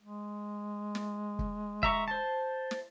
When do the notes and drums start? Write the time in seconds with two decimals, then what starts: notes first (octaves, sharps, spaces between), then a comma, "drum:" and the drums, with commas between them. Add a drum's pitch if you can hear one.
0.01 G#3
0.95 drum: snare
1.39 drum: kick
1.83 E5 A#5 C#6, drum: kick
2.08 C5 A5
2.71 drum: snare